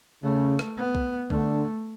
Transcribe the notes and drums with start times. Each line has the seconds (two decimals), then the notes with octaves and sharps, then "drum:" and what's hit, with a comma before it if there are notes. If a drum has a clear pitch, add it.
0.24 C#3 A3
0.59 drum: rim click
0.77 B3
0.95 drum: kick B1
1.30 D3 A3, drum: kick B1